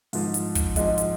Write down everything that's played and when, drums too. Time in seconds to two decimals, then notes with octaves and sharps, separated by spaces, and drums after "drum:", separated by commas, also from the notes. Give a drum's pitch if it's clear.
0.13 G#2 F3, drum: open hi-hat
0.34 drum: hi-hat
0.55 drum: kick, hi-hat
0.76 G#2 F3 G#3, drum: hi-hat
0.98 drum: hi-hat